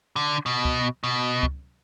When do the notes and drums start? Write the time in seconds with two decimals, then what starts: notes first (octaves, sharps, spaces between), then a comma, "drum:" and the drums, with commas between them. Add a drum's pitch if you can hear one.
0.16 D3
0.46 B2
0.65 drum: kick
1.04 B2
1.43 drum: kick